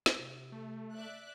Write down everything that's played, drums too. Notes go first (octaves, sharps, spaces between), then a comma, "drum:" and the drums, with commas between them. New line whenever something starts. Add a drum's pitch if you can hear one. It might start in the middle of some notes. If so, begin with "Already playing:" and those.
drum: snare
C3
A3
D5 E5 F#6